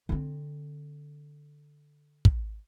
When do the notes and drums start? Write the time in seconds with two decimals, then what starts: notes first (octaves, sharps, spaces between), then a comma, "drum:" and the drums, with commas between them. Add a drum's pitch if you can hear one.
0.09 D3 C4
2.25 drum: kick